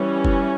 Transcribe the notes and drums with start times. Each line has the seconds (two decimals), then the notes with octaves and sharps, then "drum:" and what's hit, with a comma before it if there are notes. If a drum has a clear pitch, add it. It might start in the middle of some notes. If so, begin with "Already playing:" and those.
Already playing: E3 G3 C#4
0.25 drum: kick